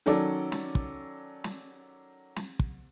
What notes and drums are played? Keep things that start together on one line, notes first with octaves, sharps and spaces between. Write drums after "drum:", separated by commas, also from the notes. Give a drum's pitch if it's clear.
D#3 F#3 C#4 A4 D5
drum: snare
drum: kick
drum: snare
drum: snare
drum: kick